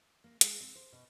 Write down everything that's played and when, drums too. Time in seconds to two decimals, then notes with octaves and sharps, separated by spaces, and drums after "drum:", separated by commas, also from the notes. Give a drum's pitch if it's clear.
0.24 A#3
0.41 G#3, drum: hi-hat
0.61 C4
0.75 C5
0.92 B2